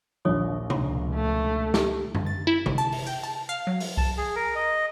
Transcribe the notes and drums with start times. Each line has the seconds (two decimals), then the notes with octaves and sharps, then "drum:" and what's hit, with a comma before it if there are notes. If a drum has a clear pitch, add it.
0.25 A#1 D#2 A#2 F4 C#5 D#6
0.70 C#2 B2, drum: tom C3
1.16 A3
1.74 G4 A5, drum: snare
2.15 drum: tom
2.26 A6
2.47 E4
2.66 G#1, drum: tom C3
2.78 A5
2.92 drum: open hi-hat
3.07 G5
3.23 A5
3.49 F5
3.67 F#3
3.80 drum: open hi-hat
3.97 A5, drum: kick C2
4.17 G#4
4.36 A#4
4.55 D#5